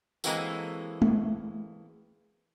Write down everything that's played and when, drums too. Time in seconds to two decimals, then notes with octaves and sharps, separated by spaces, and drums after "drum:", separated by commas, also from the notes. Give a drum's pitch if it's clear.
0.24 E3 G#3 A#3 C4 F#4 A4, drum: tambourine
1.02 drum: tom G#3